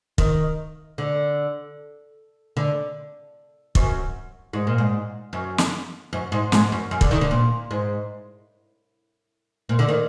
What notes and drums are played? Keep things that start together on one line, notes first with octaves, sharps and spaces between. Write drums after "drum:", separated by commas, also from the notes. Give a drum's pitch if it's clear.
D#3, drum: kick
D3
D3
F#2, drum: kick
G#2
A#2
G#2
F#2
drum: snare
F#2
G#2
G#2, drum: snare
F#2
F#2
D3, drum: kick
D#3
D3
A#2
G#2
A#2
D3
D#3